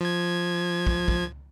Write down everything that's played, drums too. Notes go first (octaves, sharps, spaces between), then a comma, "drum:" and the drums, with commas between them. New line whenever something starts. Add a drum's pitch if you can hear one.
F3 G#6
drum: kick
drum: kick